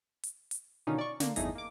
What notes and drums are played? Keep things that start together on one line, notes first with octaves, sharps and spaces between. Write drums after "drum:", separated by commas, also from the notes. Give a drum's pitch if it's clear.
drum: hi-hat
drum: hi-hat
B2 D3 D#3 C#4 D#4 F4
D5 C#6
D3 A#3, drum: snare
G1 E2 A3 D#4 G#4 A#6, drum: hi-hat
A#3 D6